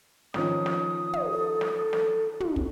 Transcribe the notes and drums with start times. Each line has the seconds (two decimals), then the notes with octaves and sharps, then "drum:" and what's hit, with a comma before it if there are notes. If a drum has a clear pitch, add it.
0.34 D#3 F3 C#4 D#6, drum: snare
0.66 drum: snare
1.13 drum: tom
1.32 A4
1.61 drum: snare
1.93 drum: snare
2.40 drum: tom
2.56 drum: kick